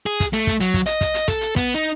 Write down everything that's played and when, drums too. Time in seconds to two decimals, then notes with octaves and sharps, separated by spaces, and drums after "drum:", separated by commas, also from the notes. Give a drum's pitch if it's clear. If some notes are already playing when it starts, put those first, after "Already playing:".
0.06 G#4
0.20 drum: kick, hi-hat
0.33 A3, drum: hi-hat
0.47 drum: kick, hi-hat
0.60 F#3, drum: hi-hat
0.74 drum: kick, hi-hat
0.86 D#5, drum: hi-hat
1.01 drum: kick, hi-hat
1.14 drum: hi-hat
1.28 A4, drum: kick, hi-hat
1.41 drum: hi-hat
1.56 B3, drum: kick, hi-hat
1.74 D#4